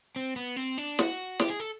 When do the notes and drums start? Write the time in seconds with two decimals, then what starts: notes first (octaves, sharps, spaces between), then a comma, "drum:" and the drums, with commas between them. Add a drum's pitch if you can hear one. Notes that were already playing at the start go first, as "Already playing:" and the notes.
0.16 C4
0.36 B3
0.56 C4
0.78 D4
0.99 F#4, drum: snare
1.40 G4, drum: snare
1.50 G#4
1.60 A4